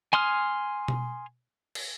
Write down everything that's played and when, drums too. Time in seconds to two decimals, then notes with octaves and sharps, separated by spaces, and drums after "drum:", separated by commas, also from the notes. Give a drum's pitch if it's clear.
0.13 G#5 C6 D#6 F6
0.88 drum: tom B2
1.75 drum: cymbal